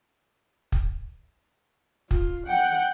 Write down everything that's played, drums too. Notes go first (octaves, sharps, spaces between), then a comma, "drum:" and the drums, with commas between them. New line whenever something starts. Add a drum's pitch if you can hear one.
drum: kick
F4, drum: kick
F#5 G5